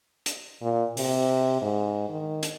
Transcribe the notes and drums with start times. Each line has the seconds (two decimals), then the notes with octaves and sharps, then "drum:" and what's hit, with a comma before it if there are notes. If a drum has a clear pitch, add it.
0.26 drum: hi-hat
0.62 A#2
0.97 C3, drum: open hi-hat
1.62 G#2
2.09 D#3
2.43 drum: hi-hat